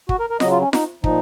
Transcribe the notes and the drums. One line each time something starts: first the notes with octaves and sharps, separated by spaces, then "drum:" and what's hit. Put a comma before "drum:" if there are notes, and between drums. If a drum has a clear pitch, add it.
F#4, drum: kick
A#4
A#4
C#3 F#3 D#5, drum: snare F4
F4
C#4
D#4, drum: snare F4
A#2 F3 D#4, drum: kick